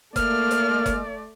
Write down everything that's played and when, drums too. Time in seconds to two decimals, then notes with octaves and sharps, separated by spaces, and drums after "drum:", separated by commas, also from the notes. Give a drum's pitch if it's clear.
0.16 A3 A#3 D5 F6, drum: kick F#1, hi-hat
0.51 drum: hi-hat
0.86 drum: kick F#1, hi-hat